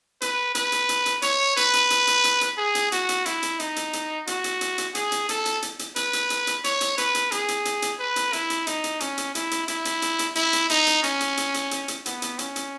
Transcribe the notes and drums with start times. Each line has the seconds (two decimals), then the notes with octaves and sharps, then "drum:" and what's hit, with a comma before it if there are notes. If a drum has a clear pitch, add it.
0.22 B4, drum: hi-hat
0.55 B4, drum: hi-hat
0.72 drum: hi-hat
0.89 drum: hi-hat
1.06 drum: hi-hat
1.22 C#5, drum: hi-hat
1.57 B4, drum: hi-hat
1.73 drum: hi-hat
1.90 drum: hi-hat
2.07 drum: hi-hat
2.24 drum: hi-hat
2.41 drum: hi-hat
2.58 G#4
2.75 drum: hi-hat
2.92 F#4, drum: hi-hat
3.09 drum: hi-hat
3.26 E4, drum: hi-hat
3.43 drum: hi-hat
3.60 D#4, drum: hi-hat
3.76 drum: hi-hat
3.93 drum: hi-hat
4.27 F#4, drum: hi-hat
4.44 drum: hi-hat
4.61 drum: hi-hat
4.78 drum: hi-hat
4.95 G#4, drum: hi-hat
5.12 drum: hi-hat
5.29 A4, drum: hi-hat
5.46 drum: hi-hat
5.62 drum: hi-hat
5.79 drum: hi-hat
5.96 B4, drum: hi-hat
6.13 drum: hi-hat
6.30 drum: hi-hat
6.47 drum: hi-hat
6.64 C#5, drum: hi-hat
6.81 drum: hi-hat
6.98 B4, drum: hi-hat
7.15 drum: hi-hat
7.32 G#4, drum: hi-hat
7.48 drum: hi-hat
7.65 drum: hi-hat
7.82 drum: hi-hat
7.99 B4
8.16 drum: hi-hat
8.33 E4, drum: hi-hat
8.50 drum: hi-hat
8.67 D#4, drum: hi-hat
8.84 drum: hi-hat
9.00 C#4, drum: hi-hat
9.18 drum: hi-hat
9.35 E4, drum: hi-hat
9.51 drum: hi-hat
9.68 E4, drum: hi-hat
9.85 drum: hi-hat
10.02 drum: hi-hat
10.19 drum: hi-hat
10.35 E4, drum: hi-hat
10.53 drum: hi-hat
10.70 D#4, drum: hi-hat
10.87 drum: hi-hat
11.04 C#4, drum: hi-hat
11.20 drum: hi-hat
11.37 drum: hi-hat
11.54 drum: hi-hat
11.71 drum: hi-hat
11.88 drum: hi-hat
12.06 B3, drum: hi-hat
12.22 drum: hi-hat
12.39 C#4, drum: hi-hat
12.56 drum: hi-hat